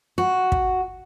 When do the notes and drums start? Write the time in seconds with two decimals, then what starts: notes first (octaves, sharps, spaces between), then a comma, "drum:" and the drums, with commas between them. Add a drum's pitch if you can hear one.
0.18 F#4
0.52 drum: kick